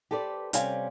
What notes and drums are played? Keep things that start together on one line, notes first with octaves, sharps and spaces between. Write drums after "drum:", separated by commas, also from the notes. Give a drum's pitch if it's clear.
G4 A4 B4 C5 D5
C3 G3 C4 C#4 F5 G#5, drum: hi-hat